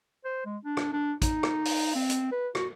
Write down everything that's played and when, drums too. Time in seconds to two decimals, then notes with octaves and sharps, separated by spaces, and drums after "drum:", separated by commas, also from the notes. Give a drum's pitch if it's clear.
0.24 C5
0.45 G#3
0.65 D4
0.77 drum: rim click
0.93 D4
1.22 D#4, drum: kick, hi-hat
1.43 drum: rim click
1.65 drum: open hi-hat
1.95 C4
2.10 drum: hi-hat
2.32 B4
2.55 F#4, drum: rim click